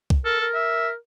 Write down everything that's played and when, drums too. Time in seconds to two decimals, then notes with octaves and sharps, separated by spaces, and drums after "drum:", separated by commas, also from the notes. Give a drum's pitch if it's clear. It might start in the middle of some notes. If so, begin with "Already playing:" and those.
0.10 drum: kick
0.25 A4 A#4
0.41 A#4
0.54 E5